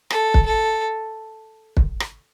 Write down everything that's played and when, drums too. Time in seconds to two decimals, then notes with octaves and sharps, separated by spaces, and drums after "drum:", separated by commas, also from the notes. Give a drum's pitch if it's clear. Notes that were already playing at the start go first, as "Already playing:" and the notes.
0.10 A4, drum: rim click
0.34 drum: kick
0.46 A4
1.77 drum: kick
2.00 drum: rim click